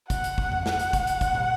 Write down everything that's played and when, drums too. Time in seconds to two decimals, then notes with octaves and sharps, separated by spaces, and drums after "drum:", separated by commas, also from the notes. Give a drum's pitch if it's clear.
0.10 F#5, drum: kick, hi-hat
0.24 drum: hi-hat
0.38 drum: kick
0.52 drum: tom F2
0.66 F#5, drum: snare
0.79 drum: hi-hat
0.93 drum: kick, hi-hat
1.07 drum: hi-hat
1.21 drum: kick, hi-hat
1.35 drum: tom